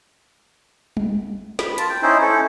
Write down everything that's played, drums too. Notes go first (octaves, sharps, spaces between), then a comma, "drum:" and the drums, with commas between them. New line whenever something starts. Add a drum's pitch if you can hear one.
drum: tom G3
B5, drum: snare
F4 A5, drum: hi-hat
G5
C#4 D#4 E4 C5
C#4 E4 A4